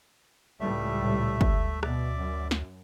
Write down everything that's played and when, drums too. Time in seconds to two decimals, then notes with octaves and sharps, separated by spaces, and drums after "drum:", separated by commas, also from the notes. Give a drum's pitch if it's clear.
0.60 C#2 A2 G3 A3 E5
1.03 A#2
1.41 D2, drum: kick
1.83 B2 D5 E5 D6, drum: rim click
2.17 F#2
2.51 drum: snare